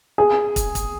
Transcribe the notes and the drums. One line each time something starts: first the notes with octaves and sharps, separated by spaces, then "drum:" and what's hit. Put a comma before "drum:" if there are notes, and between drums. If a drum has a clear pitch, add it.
G#4
drum: kick, hi-hat
drum: kick, hi-hat